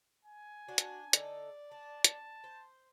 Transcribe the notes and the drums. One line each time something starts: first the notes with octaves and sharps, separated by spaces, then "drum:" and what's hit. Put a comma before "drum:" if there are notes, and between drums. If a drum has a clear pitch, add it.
G#5
D4 F#4
drum: hi-hat
D3 D#4 A4 D5, drum: hi-hat
D4 A5
A5, drum: hi-hat
C5